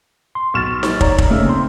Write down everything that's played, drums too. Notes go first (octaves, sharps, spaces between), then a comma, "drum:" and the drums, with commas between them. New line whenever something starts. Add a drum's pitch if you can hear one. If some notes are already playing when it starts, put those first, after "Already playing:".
C6
B1 C#6 F6 A6 E7
drum: snare D#4
C#5 D5 A#5, drum: kick
drum: kick
C#3 A3 A#3 D#4 E6
G#1 C4 C6